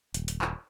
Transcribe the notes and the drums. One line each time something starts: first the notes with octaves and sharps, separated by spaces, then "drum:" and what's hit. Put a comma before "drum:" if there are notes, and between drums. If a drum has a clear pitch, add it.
D#1, drum: hi-hat
drum: hi-hat
drum: clap